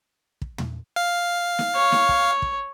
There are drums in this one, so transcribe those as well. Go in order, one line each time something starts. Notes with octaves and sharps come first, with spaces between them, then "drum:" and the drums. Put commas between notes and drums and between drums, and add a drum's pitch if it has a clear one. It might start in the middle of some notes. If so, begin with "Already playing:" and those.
drum: kick
drum: tom
F5
drum: snare
C#5
drum: snare
drum: kick
drum: kick